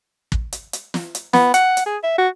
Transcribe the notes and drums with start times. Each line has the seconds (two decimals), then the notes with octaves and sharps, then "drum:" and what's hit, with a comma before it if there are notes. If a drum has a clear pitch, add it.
0.32 drum: kick
0.53 drum: hi-hat
0.73 drum: hi-hat
0.94 drum: snare
1.15 drum: hi-hat
1.33 B3, drum: snare
1.54 F#5, drum: hi-hat
1.77 drum: hi-hat
1.86 G#4
2.03 E5
2.18 F#4